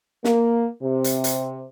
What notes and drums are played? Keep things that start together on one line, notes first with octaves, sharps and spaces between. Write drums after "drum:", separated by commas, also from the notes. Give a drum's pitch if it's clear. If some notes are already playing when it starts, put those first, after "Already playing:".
A#3, drum: snare
C3
drum: hi-hat
drum: hi-hat